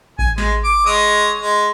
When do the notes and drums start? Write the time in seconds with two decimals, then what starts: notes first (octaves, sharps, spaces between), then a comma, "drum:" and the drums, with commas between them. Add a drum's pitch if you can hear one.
0.19 G#5, drum: kick A1
0.38 G#3, drum: snare
0.64 D6
0.86 G#3 C#5 D#6
1.40 G#3